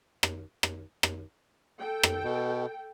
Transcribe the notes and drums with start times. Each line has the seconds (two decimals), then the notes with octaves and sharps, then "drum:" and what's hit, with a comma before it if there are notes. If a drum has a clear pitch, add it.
0.23 drum: rim click
0.63 drum: rim click
1.03 drum: rim click
1.80 A4 G5
2.03 drum: rim click
2.23 B2